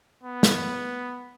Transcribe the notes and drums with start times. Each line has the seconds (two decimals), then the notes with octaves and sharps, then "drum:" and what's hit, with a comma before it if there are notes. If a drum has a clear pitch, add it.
0.23 B3
0.43 drum: snare